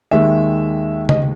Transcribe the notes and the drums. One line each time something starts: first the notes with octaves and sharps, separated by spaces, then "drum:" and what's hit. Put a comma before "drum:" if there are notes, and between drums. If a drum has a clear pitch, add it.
D#2 D#3 G#3 E5
D#5, drum: tom C#3